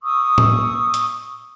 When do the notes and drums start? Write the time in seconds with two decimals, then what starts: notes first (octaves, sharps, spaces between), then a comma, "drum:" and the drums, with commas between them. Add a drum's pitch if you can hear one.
0.02 C#6 D#6 E6
0.38 drum: tom A2
0.94 drum: hi-hat